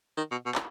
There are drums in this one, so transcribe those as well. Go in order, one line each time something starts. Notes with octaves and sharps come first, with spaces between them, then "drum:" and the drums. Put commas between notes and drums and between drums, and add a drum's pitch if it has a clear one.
D#3
B2
B2
drum: clap